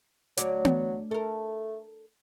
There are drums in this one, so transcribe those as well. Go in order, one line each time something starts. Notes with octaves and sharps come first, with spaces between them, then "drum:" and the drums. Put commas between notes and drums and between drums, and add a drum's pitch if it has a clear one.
D2 F#3 C#5 D5, drum: hi-hat
drum: tom B3
A3 A4 A#4